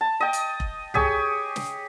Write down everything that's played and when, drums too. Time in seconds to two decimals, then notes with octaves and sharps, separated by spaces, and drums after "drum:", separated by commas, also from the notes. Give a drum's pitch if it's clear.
0.01 A5
0.20 D#5 G5
0.33 drum: hi-hat
0.60 drum: kick F1
0.94 G4 G#4 C#5 G#5, drum: tom
1.56 drum: snare